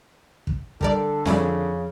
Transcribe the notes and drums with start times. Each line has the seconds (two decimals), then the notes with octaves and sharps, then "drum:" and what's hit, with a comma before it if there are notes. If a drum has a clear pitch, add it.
0.47 drum: kick
0.81 D3 G3 A4 A#4 D5, drum: kick
1.25 F2 C#3 C#4 E4 D5, drum: snare